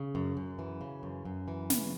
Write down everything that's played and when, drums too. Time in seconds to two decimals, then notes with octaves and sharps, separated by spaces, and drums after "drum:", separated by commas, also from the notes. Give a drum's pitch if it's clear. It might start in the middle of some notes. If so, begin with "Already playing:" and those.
Already playing: C#3
0.15 F#2
0.37 F#2
0.59 E3
0.81 C#3
1.03 F#2
1.25 F#2
1.48 E3
1.70 C#3, drum: snare